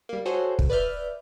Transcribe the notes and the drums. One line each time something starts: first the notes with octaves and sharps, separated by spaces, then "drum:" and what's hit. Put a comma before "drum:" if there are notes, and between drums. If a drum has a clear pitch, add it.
G3 A#3
F#4 G#4 A4 C5 C#5
drum: kick
B4 D5 E5 F6 G6